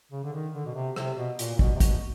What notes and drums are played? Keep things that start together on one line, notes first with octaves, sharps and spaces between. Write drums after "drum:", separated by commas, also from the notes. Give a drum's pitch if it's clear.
C#3
D3
D#3
D3
B2
C3
C3, drum: rim click
B2
A#2, drum: hi-hat
A#2
B2, drum: kick
C3
B2, drum: kick, hi-hat